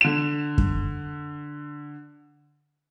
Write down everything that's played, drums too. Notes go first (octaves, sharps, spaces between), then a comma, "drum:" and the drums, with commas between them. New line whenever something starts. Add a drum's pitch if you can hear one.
D3 E7
drum: kick F#2